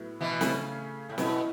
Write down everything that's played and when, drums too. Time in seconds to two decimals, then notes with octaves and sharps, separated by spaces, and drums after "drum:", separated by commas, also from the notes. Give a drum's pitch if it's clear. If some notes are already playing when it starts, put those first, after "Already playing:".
Already playing: A2 F#3 B3 E4
0.21 B2 E3
0.41 C#3 A3 C#4, drum: snare
1.09 A2
1.18 B2 E3 C#4 E4, drum: snare